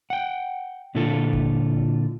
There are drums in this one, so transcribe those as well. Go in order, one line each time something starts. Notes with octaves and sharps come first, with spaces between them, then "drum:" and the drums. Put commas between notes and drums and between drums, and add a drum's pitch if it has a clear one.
F#5 G5
A#2 D3 E4 F4 A4
drum: kick F1